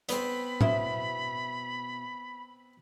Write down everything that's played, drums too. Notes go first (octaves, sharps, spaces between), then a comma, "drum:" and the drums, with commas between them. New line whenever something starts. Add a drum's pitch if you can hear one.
B3 C4 B5, drum: hi-hat
B2 E4 C5, drum: tom A2